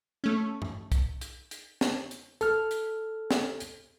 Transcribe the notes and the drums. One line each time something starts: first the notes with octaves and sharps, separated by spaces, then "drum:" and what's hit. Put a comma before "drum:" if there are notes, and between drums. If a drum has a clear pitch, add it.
A3 C#4
drum: tom G2
drum: kick, hi-hat
drum: hi-hat
drum: hi-hat
drum: snare
drum: hi-hat
A4 F6, drum: hi-hat
drum: hi-hat
drum: snare
drum: hi-hat